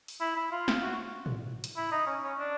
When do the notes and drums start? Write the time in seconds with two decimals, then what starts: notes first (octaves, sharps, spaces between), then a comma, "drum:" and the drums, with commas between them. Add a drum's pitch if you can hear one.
0.08 drum: open hi-hat
0.21 E4
0.36 E4
0.52 F4
0.68 drum: snare
0.82 F#4
1.26 drum: tom
1.64 drum: hi-hat
1.77 E4
1.92 D#4
2.07 C#4
2.23 C#4
2.39 D4